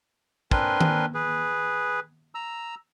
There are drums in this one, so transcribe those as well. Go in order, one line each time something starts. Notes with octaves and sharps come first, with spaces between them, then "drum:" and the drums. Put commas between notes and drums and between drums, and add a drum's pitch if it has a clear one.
C4 D4 A#4 B4 G#5 C6, drum: kick
drum: tom D#3
G#4 B4
A#5 E6